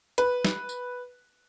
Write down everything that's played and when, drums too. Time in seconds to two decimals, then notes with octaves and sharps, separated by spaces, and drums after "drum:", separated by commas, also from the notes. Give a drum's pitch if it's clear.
0.18 B4, drum: hi-hat
0.45 drum: snare
0.69 drum: tambourine